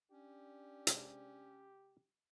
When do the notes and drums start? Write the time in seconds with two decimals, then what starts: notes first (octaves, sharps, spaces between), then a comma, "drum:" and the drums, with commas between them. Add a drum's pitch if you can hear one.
0.11 C#4 D4 G4
0.87 C3 G#3 C4, drum: hi-hat